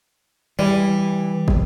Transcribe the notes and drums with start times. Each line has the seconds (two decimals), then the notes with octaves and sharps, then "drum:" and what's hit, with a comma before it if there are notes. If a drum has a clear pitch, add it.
0.59 E3 G3
1.48 drum: kick